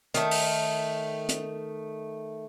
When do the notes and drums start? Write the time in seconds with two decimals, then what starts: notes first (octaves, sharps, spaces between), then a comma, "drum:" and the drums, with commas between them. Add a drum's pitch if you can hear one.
0.14 D#3 A3, drum: hi-hat
0.31 drum: open hi-hat
1.29 drum: hi-hat